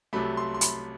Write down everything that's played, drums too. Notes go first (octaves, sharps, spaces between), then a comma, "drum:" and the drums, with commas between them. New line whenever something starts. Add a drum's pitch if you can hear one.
C2 C3 F#3 A3 B5
C6
C6
B5, drum: hi-hat